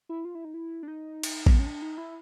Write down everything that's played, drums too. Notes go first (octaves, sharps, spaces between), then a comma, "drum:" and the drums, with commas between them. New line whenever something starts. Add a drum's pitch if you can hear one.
E4
F4
E4
D#4
E4
D4
D#4
drum: cymbal
C4, drum: kick
B3
C#4
D4
D#4
E4